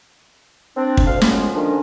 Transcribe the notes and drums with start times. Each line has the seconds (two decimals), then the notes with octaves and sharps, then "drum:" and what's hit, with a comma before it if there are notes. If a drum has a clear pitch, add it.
0.77 C4 D4
0.97 drum: kick
1.07 D2 F5
1.22 C2 C#3 F3 G#3 B3 C#4, drum: snare
1.55 D3 D#3 F3 C#4 D4